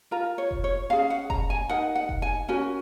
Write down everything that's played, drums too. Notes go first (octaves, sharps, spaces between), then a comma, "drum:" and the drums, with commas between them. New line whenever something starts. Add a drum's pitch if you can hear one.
F4 A#4 A#5
C#5
drum: kick F1
C#5
C#4 G#4 F5
F#5
A#5, drum: kick F1
G#5
D#4 A#4 F#5
F#5
drum: kick F1
G#5
C#4 F#4 A#4 G#5